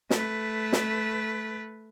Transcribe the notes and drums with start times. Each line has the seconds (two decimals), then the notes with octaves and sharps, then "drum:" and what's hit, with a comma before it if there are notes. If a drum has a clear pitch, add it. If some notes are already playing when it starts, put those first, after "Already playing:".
0.10 A3 B4, drum: snare
0.73 drum: snare